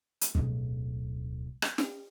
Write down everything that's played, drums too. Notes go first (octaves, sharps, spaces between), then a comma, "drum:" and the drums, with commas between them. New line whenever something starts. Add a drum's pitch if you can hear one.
drum: hi-hat
D1 B1, drum: kick
drum: rim click
drum: snare